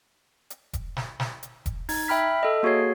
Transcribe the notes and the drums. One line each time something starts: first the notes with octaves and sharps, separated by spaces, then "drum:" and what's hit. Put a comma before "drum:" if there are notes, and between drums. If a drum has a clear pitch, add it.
drum: hi-hat
drum: kick E1, hi-hat
drum: snare
drum: snare
drum: hi-hat
drum: kick E1, hi-hat
D#4 G#6, drum: open hi-hat
E5 G5 B5 F6 B6
A4 D#5
A#3 F#4 G#4 C#5 C7